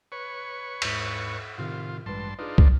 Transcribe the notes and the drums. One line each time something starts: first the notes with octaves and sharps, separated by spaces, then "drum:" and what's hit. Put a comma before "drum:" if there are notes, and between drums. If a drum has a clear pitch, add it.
B4 C#5 C#6
D#2 G#2, drum: cymbal
A2 C3 D#3 F4
A1 G2 G#3 B4 A5 C6
D4 D#4 F4 G#4 B4
drum: kick